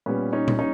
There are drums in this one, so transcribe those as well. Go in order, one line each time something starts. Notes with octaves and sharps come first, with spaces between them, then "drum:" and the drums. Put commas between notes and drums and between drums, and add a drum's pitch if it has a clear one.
A#2 G3 B3 C#4
C#4 D#4
drum: tom A#2
C#4 D#4